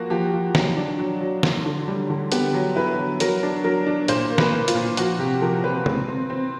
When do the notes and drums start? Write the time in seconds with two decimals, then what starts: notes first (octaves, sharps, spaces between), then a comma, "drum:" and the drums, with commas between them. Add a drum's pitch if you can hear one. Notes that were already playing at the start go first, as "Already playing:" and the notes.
Already playing: F3 A#3 F#4
0.10 F3 G4
0.33 F3
0.55 F#3, drum: snare
0.77 D4
0.99 F#3
1.21 F#3
1.43 D3, drum: snare
1.66 D3
1.88 G3
2.10 D3
2.32 B3 G4, drum: hi-hat
2.54 F#3
2.76 E4 B4
2.98 F#3
3.20 F#3 A#4, drum: hi-hat
3.43 D4
3.64 F#3 A#4
3.87 D4
4.08 A#2 C5, drum: hi-hat
4.31 A#3
4.38 B4, drum: snare
4.53 A#3
4.68 F4, drum: hi-hat
4.75 A#2
4.97 F3 F#4, drum: hi-hat
5.19 C3 G4
5.41 F3 A#4
5.64 C4 B4
5.86 C4, drum: tom
6.08 C4
6.30 C4